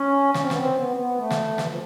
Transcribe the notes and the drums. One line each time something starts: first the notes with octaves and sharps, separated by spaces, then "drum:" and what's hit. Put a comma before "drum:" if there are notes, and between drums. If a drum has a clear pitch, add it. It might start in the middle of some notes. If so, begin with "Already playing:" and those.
Already playing: C#4
C#4, drum: snare
C4
B3, drum: snare
C4
B3
B3
A3
drum: snare
E3, drum: snare
F3